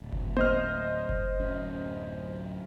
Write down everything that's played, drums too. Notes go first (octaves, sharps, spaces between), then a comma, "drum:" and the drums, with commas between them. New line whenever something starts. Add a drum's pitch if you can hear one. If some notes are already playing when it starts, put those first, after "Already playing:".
D1
drum: kick F#1
C5 D#5 F6, drum: tom A#3
drum: kick F#1
D1 F#2 C#4